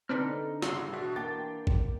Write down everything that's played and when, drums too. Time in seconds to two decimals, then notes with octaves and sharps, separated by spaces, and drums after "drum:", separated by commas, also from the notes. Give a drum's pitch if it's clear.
0.09 D3 C4 D4 D#4 A4 B4 D#5 F6
0.62 G2 C#3 E3 G3 F#5 C6 E6, drum: snare
0.93 B2 E3 D4 F#4 E5
1.16 A#3 G5 D6 A6
1.67 drum: kick A1